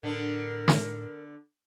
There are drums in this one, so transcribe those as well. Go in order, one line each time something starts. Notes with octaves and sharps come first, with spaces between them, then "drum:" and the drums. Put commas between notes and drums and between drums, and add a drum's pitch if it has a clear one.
A2 D3 B3 D4 A#4
drum: snare